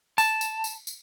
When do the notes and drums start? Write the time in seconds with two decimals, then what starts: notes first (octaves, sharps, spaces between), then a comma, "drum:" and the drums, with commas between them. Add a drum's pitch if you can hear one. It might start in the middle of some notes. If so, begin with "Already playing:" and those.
0.18 A5, drum: tambourine
0.41 drum: tambourine
0.64 drum: tambourine
0.87 drum: tambourine